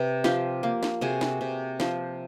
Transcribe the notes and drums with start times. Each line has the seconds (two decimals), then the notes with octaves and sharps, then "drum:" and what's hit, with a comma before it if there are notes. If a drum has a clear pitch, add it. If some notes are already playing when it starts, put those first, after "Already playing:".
Already playing: C3 B4
0.24 F3 F4 G4, drum: snare
0.63 A#3
0.83 drum: snare
1.01 C3 F#4 G#4
1.21 drum: snare
1.41 C3
1.80 F3, drum: snare